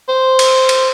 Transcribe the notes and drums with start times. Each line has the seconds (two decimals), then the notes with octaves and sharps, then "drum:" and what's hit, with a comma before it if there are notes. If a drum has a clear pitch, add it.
0.09 C5
0.39 drum: cymbal
0.69 drum: cymbal